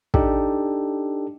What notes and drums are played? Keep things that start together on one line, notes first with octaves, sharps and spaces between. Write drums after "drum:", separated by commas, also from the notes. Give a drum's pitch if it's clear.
D4 D#4 G4 A4, drum: kick